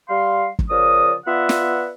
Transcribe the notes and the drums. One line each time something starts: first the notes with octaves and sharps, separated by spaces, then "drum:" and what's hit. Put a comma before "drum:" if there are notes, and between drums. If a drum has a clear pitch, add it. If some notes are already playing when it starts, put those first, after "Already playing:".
G3 F5 C6
drum: kick
C#3 F3 A#4 D5 D#6
B3 F4 B4 D5 E5 F#5
drum: snare